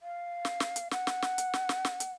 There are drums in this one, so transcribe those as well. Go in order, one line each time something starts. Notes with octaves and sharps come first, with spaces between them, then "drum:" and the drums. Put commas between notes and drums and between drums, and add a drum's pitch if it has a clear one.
F5
drum: snare
drum: snare
drum: hi-hat
F#5, drum: snare
drum: snare
drum: snare
drum: hi-hat
drum: snare
drum: snare
drum: snare
drum: hi-hat